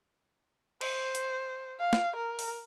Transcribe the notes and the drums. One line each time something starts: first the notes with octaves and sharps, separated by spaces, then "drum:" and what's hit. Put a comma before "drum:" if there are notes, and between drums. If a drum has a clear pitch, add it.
C5, drum: cymbal
drum: hi-hat
F5
drum: snare
A#4
drum: open hi-hat